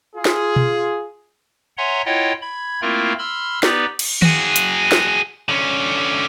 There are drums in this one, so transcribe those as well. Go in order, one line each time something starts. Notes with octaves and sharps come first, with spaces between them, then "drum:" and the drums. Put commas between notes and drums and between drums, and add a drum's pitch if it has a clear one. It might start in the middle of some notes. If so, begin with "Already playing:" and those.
F4 G#4
drum: snare
drum: tom B2
C#5 E5 F#5 G#5 A#5 C6
E4 F4 C#5 D#5 F#5 G5
B5 G#6
A3 A#3 C4 E4 F4 A#4
B5 C6 E6 F6
B3 D#4 G4 B4 D5, drum: snare
drum: cymbal
F#4 G#4, drum: tom D#3
drum: hi-hat
drum: snare
D3 C#4